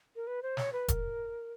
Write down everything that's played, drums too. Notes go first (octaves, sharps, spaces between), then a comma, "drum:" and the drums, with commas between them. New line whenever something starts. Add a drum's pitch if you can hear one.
A#4
B4
C5
C#5, drum: snare
B4
A#4, drum: kick E1, hi-hat